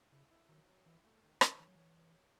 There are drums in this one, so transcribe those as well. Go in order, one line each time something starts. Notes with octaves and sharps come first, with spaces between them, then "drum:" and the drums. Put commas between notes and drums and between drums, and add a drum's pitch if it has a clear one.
C#3 E4
E4
D#3 F#3
F#3
E3 E4
A3
D#3
D#3, drum: rim click
E3 C#5
F#3
E3 C#5
C#5
C#5